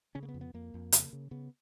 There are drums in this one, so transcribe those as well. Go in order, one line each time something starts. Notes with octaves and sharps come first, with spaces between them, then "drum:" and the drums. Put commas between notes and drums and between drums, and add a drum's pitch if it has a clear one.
C#3 C#4
A#3
B3
F2
B3
F2 A#3
F2
C#3, drum: hi-hat
C#3
C#3 B3